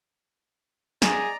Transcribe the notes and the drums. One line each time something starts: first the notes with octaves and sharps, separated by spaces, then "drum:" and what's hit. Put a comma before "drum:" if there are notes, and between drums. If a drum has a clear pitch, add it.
G#4 D5 D#5 A#5, drum: snare